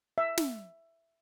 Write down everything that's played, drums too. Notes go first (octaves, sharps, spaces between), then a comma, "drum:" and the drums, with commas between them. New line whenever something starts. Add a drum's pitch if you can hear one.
E5
drum: snare